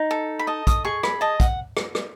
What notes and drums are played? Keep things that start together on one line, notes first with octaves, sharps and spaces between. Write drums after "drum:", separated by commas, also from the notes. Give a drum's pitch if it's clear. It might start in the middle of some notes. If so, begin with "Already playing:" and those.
Already playing: D#4
A4
B5
D#5 A5
D#6, drum: kick, hi-hat
G#4 C#6
B5, drum: rim click
D#5 A5
F#5, drum: kick, hi-hat
drum: rim click
drum: rim click